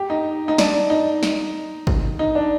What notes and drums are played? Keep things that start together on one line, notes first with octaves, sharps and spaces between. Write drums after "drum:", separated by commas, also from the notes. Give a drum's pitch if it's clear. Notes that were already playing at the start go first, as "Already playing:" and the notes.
Already playing: G4
D#4
D#4
D4, drum: snare
D#4
drum: snare
drum: kick
D#4
D4